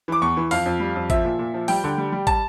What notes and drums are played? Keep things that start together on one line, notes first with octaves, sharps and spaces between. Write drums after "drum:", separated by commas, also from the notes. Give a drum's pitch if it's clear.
E3 D6
E2 C#6
E3
F2 F5, drum: open hi-hat
F2
G3
F2
F3 E5, drum: kick, hi-hat
A#2
A#2
F3
G3 G5, drum: open hi-hat
D3
G3
G3
A5, drum: kick, hi-hat